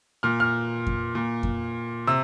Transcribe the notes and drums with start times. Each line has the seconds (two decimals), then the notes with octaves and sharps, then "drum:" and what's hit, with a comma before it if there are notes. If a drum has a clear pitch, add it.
0.23 A#2 F6
0.40 F6
0.87 drum: kick F2
1.15 A#2
1.43 drum: kick F2
2.07 C3 E6